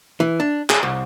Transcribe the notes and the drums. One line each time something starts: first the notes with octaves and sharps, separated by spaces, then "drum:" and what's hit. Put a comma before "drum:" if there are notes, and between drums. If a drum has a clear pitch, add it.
E3
D4
G#4, drum: clap
C2